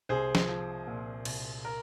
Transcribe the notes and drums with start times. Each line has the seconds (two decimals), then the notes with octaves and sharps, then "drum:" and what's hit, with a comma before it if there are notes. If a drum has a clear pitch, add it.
0.09 C2 G#4 C5
0.35 drum: snare
0.49 F3
0.87 A#2
1.25 C2, drum: cymbal
1.65 A#4